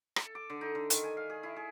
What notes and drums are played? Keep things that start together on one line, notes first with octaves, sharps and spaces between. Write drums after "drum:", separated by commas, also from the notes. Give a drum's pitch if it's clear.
A4, drum: rim click
D6
D3
D#4
D3
D#3, drum: hi-hat
G#5
F5
G#4
E4
G#4